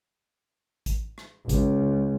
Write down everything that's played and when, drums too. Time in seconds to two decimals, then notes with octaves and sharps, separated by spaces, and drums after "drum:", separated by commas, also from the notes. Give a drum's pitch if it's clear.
0.86 drum: kick A1, hi-hat
1.18 drum: rim click
1.49 C#2, drum: kick A1, hi-hat